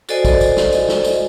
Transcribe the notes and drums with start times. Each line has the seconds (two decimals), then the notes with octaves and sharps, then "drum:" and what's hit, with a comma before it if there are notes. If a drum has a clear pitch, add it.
0.09 F#4 A4 C5 D5 D#5 G#5, drum: tambourine
0.25 drum: kick, tambourine
0.41 drum: tambourine
0.57 drum: snare
0.73 drum: tambourine
0.88 drum: snare
1.04 drum: tambourine